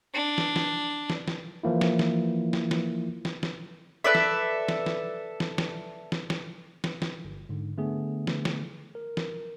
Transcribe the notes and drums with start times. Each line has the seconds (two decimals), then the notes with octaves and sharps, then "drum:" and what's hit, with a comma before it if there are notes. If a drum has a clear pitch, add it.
0.14 D4
0.38 drum: snare
0.56 drum: snare
1.10 drum: snare
1.28 drum: snare
1.63 E3 F3 A#3 E4
1.81 drum: snare
1.99 drum: snare
2.53 drum: snare
2.71 drum: snare
3.25 drum: snare
3.43 drum: snare
4.04 A4 B4 D5 E5
4.15 drum: snare
4.68 drum: snare
4.86 drum: snare
5.40 drum: snare
5.58 drum: snare
6.12 drum: snare
6.30 drum: snare
6.84 drum: snare
7.02 drum: snare
7.25 G1
7.49 G#2 D3
7.78 D3 A3 B3 G#4
8.27 drum: snare
8.45 drum: snare
8.95 A#4
9.17 drum: snare